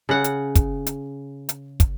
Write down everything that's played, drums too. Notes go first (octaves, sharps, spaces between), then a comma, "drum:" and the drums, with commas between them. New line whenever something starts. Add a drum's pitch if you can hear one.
C#3 F#5
drum: hi-hat
drum: kick, hi-hat
drum: hi-hat
drum: hi-hat
drum: kick, hi-hat